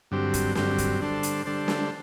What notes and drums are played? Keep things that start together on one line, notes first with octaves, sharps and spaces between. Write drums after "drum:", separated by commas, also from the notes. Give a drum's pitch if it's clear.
G2 D3 F#3 C4 G4
drum: kick, hi-hat
G2 D3 F#3 C4 G4, drum: snare
drum: kick, hi-hat
D3 G3 D4 A4 C5
drum: hi-hat
D3 G3 D4 A4 C5
drum: snare